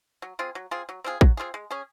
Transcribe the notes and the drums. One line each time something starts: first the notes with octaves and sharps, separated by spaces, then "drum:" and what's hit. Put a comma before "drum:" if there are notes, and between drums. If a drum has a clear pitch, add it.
F#3
C4 F4 G#4
F#3
C4 F4 G#4
F#3
C4 F4 G#4
F#3, drum: kick A1
C4 F4 G#4
G#3
C#4 G#4